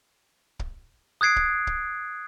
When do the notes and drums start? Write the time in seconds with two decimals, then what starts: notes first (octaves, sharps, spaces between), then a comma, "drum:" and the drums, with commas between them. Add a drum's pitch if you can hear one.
0.59 drum: kick
1.21 D#6 F#6 G#6 C7 D7
1.36 drum: kick
1.67 drum: kick